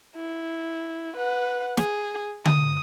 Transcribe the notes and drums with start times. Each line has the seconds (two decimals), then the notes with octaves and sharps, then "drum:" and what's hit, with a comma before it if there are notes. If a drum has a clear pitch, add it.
0.16 E4
1.17 B4 F#5
1.77 G#4, drum: snare
2.45 D#6, drum: tom D3